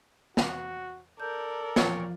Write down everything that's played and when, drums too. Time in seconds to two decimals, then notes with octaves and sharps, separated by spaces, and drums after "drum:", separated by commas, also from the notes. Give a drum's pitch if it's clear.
0.37 F#4, drum: snare
1.20 A4 A#4 D5 G6
1.76 A#2 F3 F4 C#5 G5 A6, drum: snare